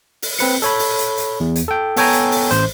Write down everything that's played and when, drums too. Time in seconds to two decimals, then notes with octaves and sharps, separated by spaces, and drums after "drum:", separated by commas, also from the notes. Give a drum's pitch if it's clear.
0.22 drum: open hi-hat
0.39 C4 B4 C#7, drum: open hi-hat
0.62 A4 C#5 B5, drum: hi-hat
0.79 drum: open hi-hat
0.99 drum: hi-hat
1.18 drum: hi-hat
1.40 E2
1.56 drum: hi-hat
1.68 A4 G5
1.96 B3 A4 C#5 G5 G#5 A#5, drum: open hi-hat
2.13 drum: hi-hat
2.32 drum: open hi-hat
2.51 A1 C5, drum: hi-hat